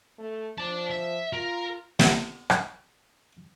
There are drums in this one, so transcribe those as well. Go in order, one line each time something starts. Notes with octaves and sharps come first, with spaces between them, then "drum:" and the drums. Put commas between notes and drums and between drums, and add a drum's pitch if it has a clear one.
A3
F3 D5 A5
E5
F4 A#4
C3 B3, drum: snare
drum: rim click